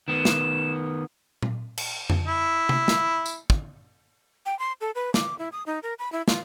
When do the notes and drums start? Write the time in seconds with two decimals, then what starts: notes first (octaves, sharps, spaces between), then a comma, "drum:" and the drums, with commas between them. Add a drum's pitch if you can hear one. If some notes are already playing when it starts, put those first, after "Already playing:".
0.08 D#3 B3 E7
0.25 drum: snare
1.43 drum: tom A#2
1.78 drum: cymbal
2.10 drum: tom F2
2.26 E4
2.69 drum: tom C3
2.88 drum: snare
3.26 drum: tambourine
3.50 drum: kick
4.46 G5
4.59 C6
4.81 A4
4.95 B4
5.14 D6, drum: snare
5.39 E4
5.52 D#6
5.66 D#4
5.83 A#4
5.99 B5
6.12 E4
6.28 F4, drum: snare